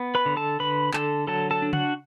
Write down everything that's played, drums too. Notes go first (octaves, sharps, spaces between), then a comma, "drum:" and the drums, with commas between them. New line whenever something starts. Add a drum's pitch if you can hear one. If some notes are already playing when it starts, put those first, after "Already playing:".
Already playing: B3
B4 B5
D3
A4 A5
D3 B4 B5
D3 A4 A5, drum: clap
F#3 A4 A5
A4 A5
D4
F#4 F#5, drum: tom C#3